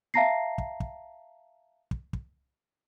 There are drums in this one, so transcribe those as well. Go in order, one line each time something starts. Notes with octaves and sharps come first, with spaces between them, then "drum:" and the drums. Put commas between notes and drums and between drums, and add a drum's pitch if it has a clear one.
E5 F5 A5 A#5 A#6 C7
drum: kick
drum: kick
drum: kick
drum: kick